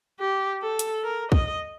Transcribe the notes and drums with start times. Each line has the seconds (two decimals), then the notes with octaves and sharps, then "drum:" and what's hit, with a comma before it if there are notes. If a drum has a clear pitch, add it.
0.20 G4
0.62 A4
0.79 drum: hi-hat
1.03 A#4
1.32 D#5, drum: kick